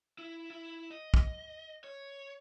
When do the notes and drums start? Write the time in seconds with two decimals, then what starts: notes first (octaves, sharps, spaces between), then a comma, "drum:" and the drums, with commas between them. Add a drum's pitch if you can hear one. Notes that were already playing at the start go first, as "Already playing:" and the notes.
0.19 E4
0.50 E4
0.91 D#5
1.14 drum: kick
1.84 C#5